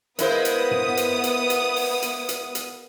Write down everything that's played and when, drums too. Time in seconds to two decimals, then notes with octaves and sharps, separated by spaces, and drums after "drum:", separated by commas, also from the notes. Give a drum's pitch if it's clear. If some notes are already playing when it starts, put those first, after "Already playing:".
0.19 G#3 B3 E4 A#4 C5 F5 D#6, drum: hi-hat
0.45 drum: hi-hat
0.71 drum: tom
0.97 drum: hi-hat
1.24 drum: hi-hat
1.50 drum: hi-hat
1.76 drum: open hi-hat
2.02 drum: hi-hat
2.29 drum: hi-hat
2.55 drum: hi-hat